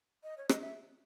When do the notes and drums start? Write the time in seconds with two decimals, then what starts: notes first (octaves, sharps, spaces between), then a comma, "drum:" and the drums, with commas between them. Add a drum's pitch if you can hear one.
0.23 D#5
0.38 C#5
0.49 D#5, drum: rim click
0.61 E5